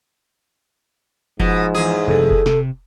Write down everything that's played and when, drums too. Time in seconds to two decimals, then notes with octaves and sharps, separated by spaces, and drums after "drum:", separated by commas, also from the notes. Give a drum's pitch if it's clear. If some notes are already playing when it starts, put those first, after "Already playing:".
1.40 G#2 B2 F3, drum: kick F1
1.75 E2 G#4
2.08 F1 F#2 A4
2.31 drum: kick F1
2.46 C3, drum: snare